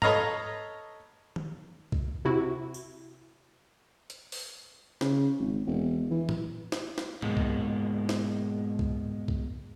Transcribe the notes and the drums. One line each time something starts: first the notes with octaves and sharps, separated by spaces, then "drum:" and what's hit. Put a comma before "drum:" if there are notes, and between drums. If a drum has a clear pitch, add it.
A4 B4 C#5 D#5 F5 A#5, drum: tom G#2
drum: tom D#3
drum: kick C2
C3 E4 F#4
drum: tambourine
drum: hi-hat
drum: open hi-hat
C#3, drum: snare
G#1
E1
E3
drum: tom A2
drum: snare
drum: snare
G#2 B2 G#3 A#3, drum: tom A2
drum: kick C2
drum: snare
drum: kick C2
drum: kick C2